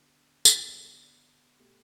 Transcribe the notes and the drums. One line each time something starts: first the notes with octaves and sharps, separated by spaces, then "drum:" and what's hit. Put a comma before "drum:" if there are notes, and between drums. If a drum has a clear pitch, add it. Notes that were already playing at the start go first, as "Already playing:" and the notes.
Already playing: D3 B3 D4 G4
drum: tambourine
D3 B3 G4 D5
B2 A3 G4